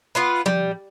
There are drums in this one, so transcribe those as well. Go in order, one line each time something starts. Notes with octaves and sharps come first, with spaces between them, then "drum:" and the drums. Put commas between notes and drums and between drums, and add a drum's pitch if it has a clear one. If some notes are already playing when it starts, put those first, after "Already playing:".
B3 F4 B4
G3, drum: tom F3